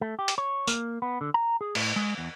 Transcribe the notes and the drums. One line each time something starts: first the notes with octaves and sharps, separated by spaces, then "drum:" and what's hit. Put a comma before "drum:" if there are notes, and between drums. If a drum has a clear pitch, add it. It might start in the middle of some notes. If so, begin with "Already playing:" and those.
A3
G4
drum: hi-hat
C#5
A#3, drum: tambourine
B3
D3
A#5
G#4
A2, drum: cymbal
G#3
E2